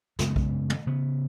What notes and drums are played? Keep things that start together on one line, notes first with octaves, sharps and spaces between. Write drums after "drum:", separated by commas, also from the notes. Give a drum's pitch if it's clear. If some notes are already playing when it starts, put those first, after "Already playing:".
F#2 C#3 G#3 B3, drum: snare
drum: kick B1
drum: tom
C#3 B3